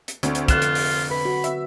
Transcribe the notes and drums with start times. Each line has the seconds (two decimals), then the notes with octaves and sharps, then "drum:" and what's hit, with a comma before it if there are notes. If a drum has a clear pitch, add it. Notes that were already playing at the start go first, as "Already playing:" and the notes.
0.08 drum: hi-hat
0.23 D2 D3 C4 D5, drum: hi-hat
0.35 drum: hi-hat
0.48 F1 F4 F#6 E7, drum: kick, hi-hat
0.62 drum: hi-hat
0.75 drum: open hi-hat
1.11 B4 B5
1.25 F#4
1.44 E5, drum: hi-hat